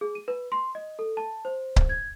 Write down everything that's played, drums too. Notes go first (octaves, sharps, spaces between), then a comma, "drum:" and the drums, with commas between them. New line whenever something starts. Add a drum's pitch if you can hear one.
G#4
D#7
B4
C6
D#5
A4
A5
C5
drum: kick C#1
G#6